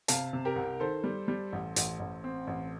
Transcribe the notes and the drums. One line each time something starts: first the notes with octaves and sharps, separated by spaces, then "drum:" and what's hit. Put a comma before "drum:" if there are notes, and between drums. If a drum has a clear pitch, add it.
C3 F5 A5, drum: hi-hat
C3
G4 A#4
C2
D#3 A4 C5
G3
G3
A1
A1, drum: hi-hat
A1
C4
A1